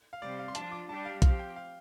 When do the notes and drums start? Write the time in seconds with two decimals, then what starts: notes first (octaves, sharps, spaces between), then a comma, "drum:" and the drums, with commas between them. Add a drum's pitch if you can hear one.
0.13 F5
0.22 C3 G3 C4 D5
0.39 F5
0.48 C6
0.55 F3 D4 F4 A5, drum: hi-hat
0.72 D6
0.89 G3 D4 G4 A5
1.05 F5
1.22 F3 C4 G4 F5, drum: kick, hi-hat
1.39 G5
1.56 F5